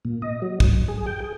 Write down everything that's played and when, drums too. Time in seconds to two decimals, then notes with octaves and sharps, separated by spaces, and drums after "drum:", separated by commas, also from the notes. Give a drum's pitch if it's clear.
0.05 A#2
0.22 D#5
0.42 F#3
0.60 G2, drum: kick
0.74 F#2
0.88 G#4
1.06 G5
1.21 G#4